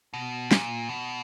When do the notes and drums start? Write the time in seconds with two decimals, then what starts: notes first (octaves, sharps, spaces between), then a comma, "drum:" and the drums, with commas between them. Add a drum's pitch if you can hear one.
0.14 B2
0.51 A#2, drum: snare
0.89 B2